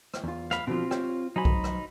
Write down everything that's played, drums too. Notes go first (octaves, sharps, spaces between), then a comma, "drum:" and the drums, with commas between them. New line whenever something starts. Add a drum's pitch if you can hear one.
drum: rim click
E2 F4
F5 B5, drum: rim click
B2 D3 F3 C4 F4
G4 C#5 G5, drum: rim click
F#3 D#4 C5 G#5 B5
drum: kick B1
drum: rim click